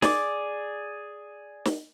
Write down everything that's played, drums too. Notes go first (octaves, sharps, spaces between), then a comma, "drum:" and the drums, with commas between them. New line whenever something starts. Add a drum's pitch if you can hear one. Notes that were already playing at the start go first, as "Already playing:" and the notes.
G#4 D5 D6, drum: snare
drum: snare